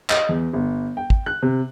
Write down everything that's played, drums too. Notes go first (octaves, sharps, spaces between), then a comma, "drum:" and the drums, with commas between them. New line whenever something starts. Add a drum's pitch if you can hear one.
D#5, drum: clap
E2
G1
G5
drum: kick
F#6
C3